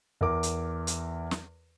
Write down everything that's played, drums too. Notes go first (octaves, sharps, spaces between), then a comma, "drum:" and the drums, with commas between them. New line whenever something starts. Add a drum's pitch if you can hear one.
E2 A#4 D6
drum: hi-hat
drum: hi-hat
drum: snare